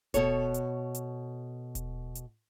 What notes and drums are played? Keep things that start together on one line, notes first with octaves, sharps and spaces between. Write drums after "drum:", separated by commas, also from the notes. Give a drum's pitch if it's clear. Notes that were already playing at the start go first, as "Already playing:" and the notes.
B2 A4 C#5, drum: kick D#1, hi-hat
drum: hi-hat
drum: hi-hat
drum: kick D#1, hi-hat
drum: hi-hat